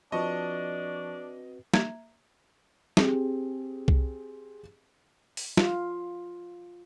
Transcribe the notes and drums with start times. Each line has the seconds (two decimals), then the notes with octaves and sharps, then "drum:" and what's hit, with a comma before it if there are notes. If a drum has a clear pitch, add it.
0.12 F3 C4 D4 F#4 B4 D#5 A5 C#6
1.74 A#3 E5 A#5 G#6, drum: snare
2.97 C4 G4 G#4, drum: snare
3.88 drum: kick C2
5.37 drum: open hi-hat
5.57 F4, drum: snare